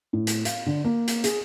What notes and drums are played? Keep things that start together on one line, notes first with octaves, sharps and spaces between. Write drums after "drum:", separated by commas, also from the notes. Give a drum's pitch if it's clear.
A2
drum: hi-hat
F5, drum: hi-hat
D3
A#3
drum: hi-hat
G#4, drum: hi-hat